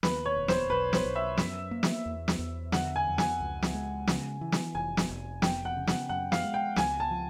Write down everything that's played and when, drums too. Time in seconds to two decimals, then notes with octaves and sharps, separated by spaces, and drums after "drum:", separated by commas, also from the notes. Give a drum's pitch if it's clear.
0.03 D#2 B4, drum: snare
0.26 C#5
0.36 E1
0.48 C5, drum: snare
0.70 B1 B4
0.93 C5, drum: snare
1.05 B1
1.16 E5
1.37 F#2, drum: snare
1.71 A#3
1.83 drum: snare
2.06 E2
2.28 drum: snare
2.39 E2
2.72 D3 F#5, drum: snare
2.96 G#5
3.07 F2
3.18 G#5, drum: snare
3.40 C#2
3.62 drum: snare
3.74 G#3
4.07 C#3, drum: snare
4.41 E3
4.52 drum: snare
4.75 F1 G#5
4.97 drum: snare
5.08 F1
5.42 F2 G5, drum: snare
5.65 F#5
5.76 C#3
5.87 F#5, drum: snare
6.09 F#2 F#5
6.32 F5, drum: snare
6.44 G#3
6.54 G5
6.76 C#2 G#5, drum: snare
7.00 A5
7.11 F3